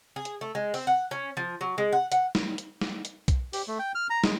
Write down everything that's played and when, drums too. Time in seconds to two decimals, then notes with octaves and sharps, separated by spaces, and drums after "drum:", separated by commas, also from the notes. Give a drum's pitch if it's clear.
0.16 G#4
0.25 drum: hi-hat
0.41 A3
0.55 G#3
0.74 C4, drum: open hi-hat
0.87 F#5
1.11 C#4
1.37 F3
1.61 F#3
1.78 G#3
1.92 F#5
2.12 F#5, drum: hi-hat
2.35 drum: snare
2.58 drum: hi-hat
2.81 drum: snare
3.05 drum: hi-hat
3.28 drum: kick B1, hi-hat
3.53 G4, drum: open hi-hat
3.68 A3
3.79 G5
3.95 F6
4.10 A#5
4.24 G#3, drum: snare